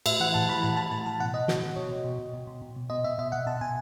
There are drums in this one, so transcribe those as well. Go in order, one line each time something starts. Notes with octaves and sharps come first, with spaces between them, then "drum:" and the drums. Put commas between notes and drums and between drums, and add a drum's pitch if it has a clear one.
A2 E5, drum: cymbal
E3 F#5
A2 A5
E3 B5
A2 A5
E3 A5
A2 A5
E3 A5
B2 F#5
B2 D#5
B2 F#4, drum: snare
B2
B2 C#5
B2
B2
B2
B2
B2
B2
B2
B2 D#5
B2 E5
B2 E5
B2 F#5
B2 A5
B2 G#5